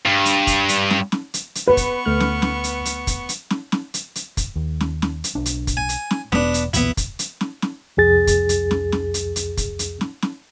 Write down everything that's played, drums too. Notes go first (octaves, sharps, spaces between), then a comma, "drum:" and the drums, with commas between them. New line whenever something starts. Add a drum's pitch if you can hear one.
G2
drum: hi-hat
drum: kick, hi-hat
drum: hi-hat
drum: snare
drum: snare
drum: hi-hat
drum: hi-hat
B3 B4 C#6
drum: kick, hi-hat
D2 A3 F6
drum: snare
drum: snare
drum: hi-hat
drum: hi-hat
drum: kick, hi-hat
drum: hi-hat
drum: snare
drum: snare
drum: hi-hat
drum: hi-hat
drum: kick, hi-hat
D#2
drum: snare
drum: snare
drum: hi-hat
B1 D4
drum: hi-hat
drum: kick, hi-hat
G#5
drum: hi-hat
drum: snare
E1 B3 D4, drum: snare
drum: hi-hat
B1 E2 A#2 B3 E4, drum: hi-hat
drum: kick, hi-hat
drum: hi-hat
drum: snare
drum: snare
C2 F2 G#4 A6
drum: kick, hi-hat
drum: hi-hat
drum: snare
drum: snare
drum: hi-hat
drum: hi-hat
drum: kick, hi-hat
drum: hi-hat
drum: snare
drum: snare